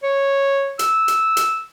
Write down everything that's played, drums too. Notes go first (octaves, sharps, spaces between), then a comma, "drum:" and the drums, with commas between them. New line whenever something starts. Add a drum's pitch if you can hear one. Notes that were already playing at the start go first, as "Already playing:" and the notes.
C#5
E6, drum: hi-hat
drum: hi-hat
drum: hi-hat